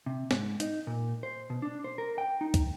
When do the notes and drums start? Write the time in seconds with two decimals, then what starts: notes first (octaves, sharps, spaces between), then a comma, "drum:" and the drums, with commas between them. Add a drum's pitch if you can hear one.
0.06 C3
0.31 G#2, drum: snare
0.60 D#4, drum: hi-hat
0.87 A#2
1.23 C5
1.50 B2
1.62 D4
1.84 C5
1.98 A#4
2.18 G5
2.41 D#4
2.54 drum: kick, hi-hat